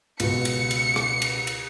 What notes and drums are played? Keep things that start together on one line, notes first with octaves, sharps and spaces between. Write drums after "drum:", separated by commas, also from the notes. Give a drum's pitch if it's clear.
C#2 B2 C#7, drum: cymbal
drum: cymbal
drum: cymbal
drum: rim click
drum: cymbal
drum: cymbal